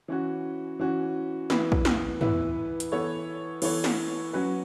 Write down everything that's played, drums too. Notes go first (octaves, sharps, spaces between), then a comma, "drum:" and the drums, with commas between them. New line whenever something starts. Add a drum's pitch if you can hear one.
E3 C#4 F#4
E3 C#4 F#4
E3 B3 E4 B4, drum: snare
drum: kick
drum: snare
E3 B3 E4 B4, drum: tom
drum: hi-hat
E3 B3 A4 C#5
E3 B3 A4 C#5, drum: cymbal
drum: snare
F#3 C#4 F#4 B4